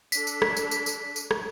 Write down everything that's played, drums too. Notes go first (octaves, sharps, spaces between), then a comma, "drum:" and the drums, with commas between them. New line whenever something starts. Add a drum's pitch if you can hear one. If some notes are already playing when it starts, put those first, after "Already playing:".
D4 A4 B6, drum: tambourine
drum: tambourine
drum: rim click
drum: tambourine
drum: tambourine
drum: tambourine
drum: tambourine
drum: rim click